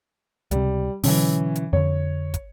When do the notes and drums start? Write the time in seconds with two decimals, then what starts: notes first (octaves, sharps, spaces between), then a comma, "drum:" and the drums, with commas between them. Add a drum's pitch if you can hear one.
0.51 C#2 C3 G3, drum: hi-hat
1.03 B2 D3 E3 F#3 C#4, drum: open hi-hat
1.55 drum: hi-hat
1.73 F2 D3 C#5
2.34 drum: kick, hi-hat